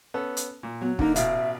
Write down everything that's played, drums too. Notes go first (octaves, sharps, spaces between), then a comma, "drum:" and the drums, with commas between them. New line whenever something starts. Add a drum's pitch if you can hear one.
B3 C#4 A4
drum: hi-hat
A#2
F#3 B3
D3 A#3 D#4, drum: kick
A1 B2 E5 F5, drum: hi-hat